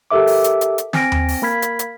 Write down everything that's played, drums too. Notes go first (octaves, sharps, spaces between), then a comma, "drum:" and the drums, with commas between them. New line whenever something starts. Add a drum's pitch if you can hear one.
G4 A4 A#4 E5 D6
drum: open hi-hat
drum: hi-hat
drum: hi-hat
drum: hi-hat
C4 G#5 F6 A#6 D7, drum: snare
drum: tom D#2
drum: open hi-hat
A#3 A#4 B5 F6 G#6 B6
drum: hi-hat
drum: hi-hat